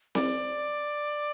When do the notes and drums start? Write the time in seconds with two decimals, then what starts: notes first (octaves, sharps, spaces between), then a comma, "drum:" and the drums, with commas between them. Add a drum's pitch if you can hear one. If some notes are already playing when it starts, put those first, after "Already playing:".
0.15 D5, drum: snare C4